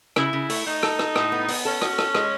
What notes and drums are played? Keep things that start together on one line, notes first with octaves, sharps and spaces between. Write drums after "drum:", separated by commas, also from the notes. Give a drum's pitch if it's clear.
C#3 E4, drum: rim click
C#3
A3, drum: open hi-hat
A3 D#4
A4, drum: rim click
A4, drum: rim click
A2, drum: rim click
B3
B3, drum: open hi-hat
C#4 A4
F#4, drum: rim click
A4, drum: rim click
G#3, drum: rim click